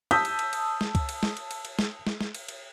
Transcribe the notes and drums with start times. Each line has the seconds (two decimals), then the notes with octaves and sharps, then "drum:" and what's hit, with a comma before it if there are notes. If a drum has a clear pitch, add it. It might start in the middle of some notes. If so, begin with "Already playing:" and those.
0.11 A5 D#6 E6 G6 B6, drum: cymbal
0.25 drum: cymbal
0.39 drum: cymbal
0.53 drum: cymbal
0.81 drum: snare
0.95 drum: kick C#2, cymbal
1.09 drum: cymbal
1.23 drum: snare
1.37 drum: cymbal
1.51 drum: cymbal
1.65 drum: cymbal
1.79 drum: snare
2.07 drum: snare
2.21 drum: snare
2.35 drum: cymbal
2.48 drum: cymbal